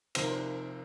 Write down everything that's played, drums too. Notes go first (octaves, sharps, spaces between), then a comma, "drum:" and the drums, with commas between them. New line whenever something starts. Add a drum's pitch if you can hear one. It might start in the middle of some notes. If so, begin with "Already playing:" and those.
F2 C3 D#3 C5, drum: cymbal
A#4
C5